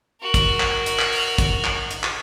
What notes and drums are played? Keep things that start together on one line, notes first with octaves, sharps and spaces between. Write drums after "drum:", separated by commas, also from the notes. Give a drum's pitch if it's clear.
F#4 A#4
drum: kick, hi-hat
drum: clap
drum: hi-hat
drum: clap
drum: open hi-hat
drum: kick, hi-hat
drum: clap
drum: hi-hat
drum: clap